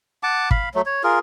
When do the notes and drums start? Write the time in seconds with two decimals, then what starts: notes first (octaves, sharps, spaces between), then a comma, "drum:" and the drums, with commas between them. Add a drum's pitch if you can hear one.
0.23 F#5 A5 D6
0.51 F5 B5, drum: kick
0.75 F#3 A3
0.86 C#5
1.04 F4 G#4 A#4